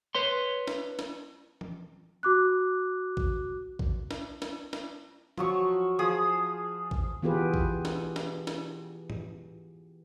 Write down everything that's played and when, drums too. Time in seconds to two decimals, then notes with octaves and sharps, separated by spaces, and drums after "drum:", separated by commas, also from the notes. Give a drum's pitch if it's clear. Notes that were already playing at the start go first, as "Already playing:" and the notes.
0.15 B4 C#5 C6
0.67 drum: snare
0.99 drum: snare
1.61 drum: tom
2.23 F#4 D6 F#6
3.17 drum: kick A1
3.79 drum: kick A1
4.11 drum: snare
4.42 drum: snare
4.73 drum: snare
5.37 F3 F#3 C#6, drum: tom
5.99 F3 G#4 D#6
6.91 drum: kick A1
7.22 E3 B3 F4 G4 G#4 B4
7.54 drum: kick A1
7.85 drum: snare
8.16 drum: snare
8.47 drum: snare
9.10 drum: tom G#2